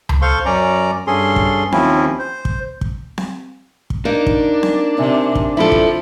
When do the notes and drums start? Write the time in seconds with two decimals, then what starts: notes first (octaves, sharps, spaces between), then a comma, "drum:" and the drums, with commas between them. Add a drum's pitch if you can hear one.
0.09 drum: tom C#2
0.22 A4 C5 F5 C6 C#6
0.45 F#2 C#4 D5 A#5
1.07 G2 C#4 G#4 A4 C6
1.36 drum: kick
1.72 D#2 F3 C4 C#4 E4, drum: snare C4
2.19 C5
2.45 drum: kick
2.81 drum: kick
3.18 drum: snare C4
3.90 drum: kick
4.05 A#3 D4 D#4
4.27 drum: kick
4.63 drum: snare C4
4.98 C3 D5 E5 G#5
5.35 drum: kick
5.57 F3 E4 A4 E5 B5 D7
5.72 drum: kick